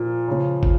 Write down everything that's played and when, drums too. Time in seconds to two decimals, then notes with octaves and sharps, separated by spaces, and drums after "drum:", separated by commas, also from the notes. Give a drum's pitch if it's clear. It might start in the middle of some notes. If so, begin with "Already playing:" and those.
Already playing: A#2 F3
0.28 C#3 F3
0.63 drum: kick